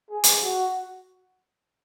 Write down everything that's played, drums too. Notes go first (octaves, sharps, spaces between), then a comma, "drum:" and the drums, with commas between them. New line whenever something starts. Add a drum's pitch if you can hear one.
G#4
drum: hi-hat
F#4